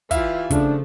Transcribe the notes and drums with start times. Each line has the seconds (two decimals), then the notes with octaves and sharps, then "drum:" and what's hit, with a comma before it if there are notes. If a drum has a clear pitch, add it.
0.11 E3 F4 G4 E5 F5, drum: kick, hi-hat
0.51 C#3 F3 A3 D4, drum: kick, hi-hat